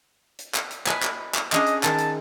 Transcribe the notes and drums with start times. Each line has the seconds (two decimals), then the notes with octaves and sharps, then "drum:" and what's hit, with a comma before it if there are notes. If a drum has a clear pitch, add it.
0.39 drum: hi-hat
0.55 drum: clap
0.71 drum: hi-hat
0.87 B4 D#5 G#5, drum: clap
1.03 drum: clap
1.34 drum: clap
1.52 C#4 D4 G#4 D#5, drum: clap
1.66 drum: hi-hat
1.83 D#3 G#3 A5, drum: clap
1.98 drum: hi-hat